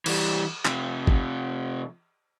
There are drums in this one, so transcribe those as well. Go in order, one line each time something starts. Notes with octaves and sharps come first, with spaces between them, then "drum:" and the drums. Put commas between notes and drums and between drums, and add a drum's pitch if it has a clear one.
E3 G3, drum: cymbal
C3 F3, drum: clap
drum: kick